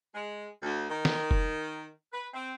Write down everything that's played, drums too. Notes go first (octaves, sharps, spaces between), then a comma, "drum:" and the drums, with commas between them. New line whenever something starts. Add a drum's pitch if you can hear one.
G#3
D2
D#3
drum: snare
drum: kick F1
B4
C4